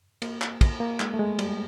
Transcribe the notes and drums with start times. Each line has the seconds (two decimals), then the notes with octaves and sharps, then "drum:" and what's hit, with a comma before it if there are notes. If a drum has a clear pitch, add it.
0.22 A#3, drum: cymbal
0.42 drum: clap
0.61 drum: kick, cymbal
0.80 A#3
1.00 G#3, drum: clap
1.14 A3
1.19 G#3
1.39 G3, drum: cymbal